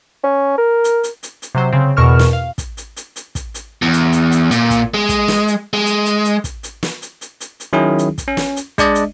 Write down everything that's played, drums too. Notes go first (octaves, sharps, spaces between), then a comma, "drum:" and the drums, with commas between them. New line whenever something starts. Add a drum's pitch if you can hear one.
C#4
A#4
drum: hi-hat
drum: hi-hat
drum: hi-hat
drum: hi-hat
C3 F#3 C5
C#3 C4
E2 B2 A#4 C#6 F6 E7
drum: snare
F5
drum: kick, hi-hat
drum: hi-hat
drum: hi-hat
drum: hi-hat
drum: kick, hi-hat
drum: hi-hat
E2
drum: hi-hat
drum: hi-hat
drum: hi-hat
A#2, drum: hi-hat
drum: kick, hi-hat
G#3
drum: kick, hi-hat
drum: snare
drum: hi-hat
G#3
drum: hi-hat
drum: hi-hat
drum: hi-hat
drum: kick, hi-hat
drum: hi-hat
drum: snare
drum: hi-hat
drum: hi-hat
drum: hi-hat
drum: hi-hat
D#3 F#3 C#4 E4 G#4
drum: hi-hat
drum: kick, hi-hat
C#4
drum: snare
drum: hi-hat
G#3 D4 D5 D#5, drum: kick, hi-hat
drum: hi-hat